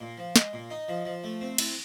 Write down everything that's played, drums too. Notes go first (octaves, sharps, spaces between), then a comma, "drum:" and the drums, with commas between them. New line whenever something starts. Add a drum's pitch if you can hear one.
A#2
F3
G#3, drum: snare
A#2
D#4
F3
F3
A3
C4
E4, drum: cymbal